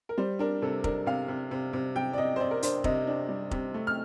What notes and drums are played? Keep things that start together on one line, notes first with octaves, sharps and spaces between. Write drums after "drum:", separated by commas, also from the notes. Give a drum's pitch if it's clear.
A#4
G3 C5
D4 A#4
C3 A4
D4 A#4, drum: kick
C3 F5
C3
C3
C3
C3 G5
D5
C3 D#5
C5
C3 D5
A#4
D4 C5, drum: hi-hat
C3 D#5, drum: kick
D4
G3
C3, drum: kick
A3
F6